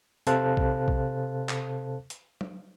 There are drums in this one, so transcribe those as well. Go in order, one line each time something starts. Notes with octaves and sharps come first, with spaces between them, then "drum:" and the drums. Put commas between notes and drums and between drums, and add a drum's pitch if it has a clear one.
C3 A4 C5 F5 A5 F#6, drum: hi-hat
drum: kick B1
drum: kick B1
drum: clap
drum: hi-hat
drum: tom F#3